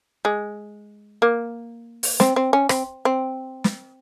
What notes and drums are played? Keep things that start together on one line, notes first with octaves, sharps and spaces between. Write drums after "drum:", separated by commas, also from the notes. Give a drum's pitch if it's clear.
G#3
A#3
drum: open hi-hat
C4, drum: snare
C4
C#4
C4, drum: rim click
C4
drum: snare